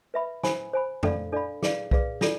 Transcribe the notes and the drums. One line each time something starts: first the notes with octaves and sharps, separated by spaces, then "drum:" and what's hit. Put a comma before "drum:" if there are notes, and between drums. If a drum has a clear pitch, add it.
B4 E5 B5
C5 G#5 B5, drum: snare
C5 G#5 B5
D4 A4 D5 F5 B5, drum: tom
D4 A4 D5 F5 B5
G#4 B4 D5 F5, drum: snare
G#4 B4 D5 F5, drum: kick B1
D4 F4 A4 D5, drum: snare